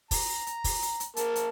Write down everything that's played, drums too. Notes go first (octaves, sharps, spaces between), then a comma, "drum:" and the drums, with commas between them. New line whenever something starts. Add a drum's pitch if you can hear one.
A#5, drum: kick, open hi-hat
drum: hi-hat
drum: kick, open hi-hat
drum: hi-hat
drum: hi-hat
A#3 A#4 A5, drum: hi-hat
drum: hi-hat